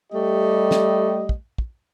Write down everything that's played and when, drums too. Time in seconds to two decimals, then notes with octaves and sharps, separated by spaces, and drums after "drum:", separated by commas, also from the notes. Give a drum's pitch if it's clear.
0.13 G3 A3 G4 D#5
0.71 drum: snare
1.29 drum: kick
1.58 drum: kick